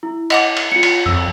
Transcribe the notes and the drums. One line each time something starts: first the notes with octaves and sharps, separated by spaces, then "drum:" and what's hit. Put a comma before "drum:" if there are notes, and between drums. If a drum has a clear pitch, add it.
E4
D#5 F#5 D6, drum: cymbal
drum: cymbal
F4 C#7
drum: cymbal
F2 E6